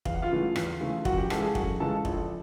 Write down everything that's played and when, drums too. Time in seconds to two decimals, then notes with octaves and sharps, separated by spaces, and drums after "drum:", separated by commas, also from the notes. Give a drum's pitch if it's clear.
0.05 E2 F5, drum: kick
0.14 F#5
0.22 F4 F5
0.31 C#3 E3 A3
0.56 E2, drum: rim click
0.81 C#3 E3 A3
1.05 F#2 F#4 F#5, drum: kick
1.18 G4 G5
1.30 C#3 E3 G#3 A4 A5, drum: rim click
1.42 G#4 G#5
1.55 F#2 F#4 F#5, drum: kick
1.80 C#3 E3 G#3 A4 A5
2.05 A#1, drum: kick